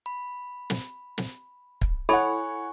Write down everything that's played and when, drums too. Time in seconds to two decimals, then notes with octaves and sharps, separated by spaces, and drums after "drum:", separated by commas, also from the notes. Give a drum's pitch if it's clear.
0.06 B5
0.70 drum: snare
1.18 drum: snare
1.81 drum: kick
2.09 E4 A4 C#5 F#5 G#5 B5 C#6